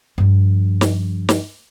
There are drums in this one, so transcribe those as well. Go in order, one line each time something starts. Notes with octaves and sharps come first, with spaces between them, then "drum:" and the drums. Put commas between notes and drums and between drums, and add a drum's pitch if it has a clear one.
G2 F3
drum: snare
drum: snare